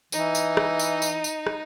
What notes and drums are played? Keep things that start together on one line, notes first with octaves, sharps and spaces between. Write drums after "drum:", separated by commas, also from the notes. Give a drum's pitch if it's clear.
E3 D#4, drum: tambourine
drum: tambourine
drum: rim click
drum: tambourine
drum: tambourine
drum: tambourine
drum: rim click